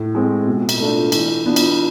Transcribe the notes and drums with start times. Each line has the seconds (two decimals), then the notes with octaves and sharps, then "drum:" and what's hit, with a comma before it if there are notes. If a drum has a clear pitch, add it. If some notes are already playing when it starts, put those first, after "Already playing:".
Already playing: A2
0.15 G#3 C4
0.47 B2
0.69 drum: cymbal
0.79 A3 D4 F4
1.12 E3, drum: cymbal
1.46 B3 D4 F4
1.56 drum: cymbal